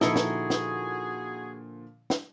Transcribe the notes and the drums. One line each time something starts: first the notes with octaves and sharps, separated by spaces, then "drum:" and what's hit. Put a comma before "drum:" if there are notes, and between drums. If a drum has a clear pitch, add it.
A#2 D3 F3 D#4 E4 F#4 G#4 A4, drum: snare
drum: snare
drum: snare
drum: snare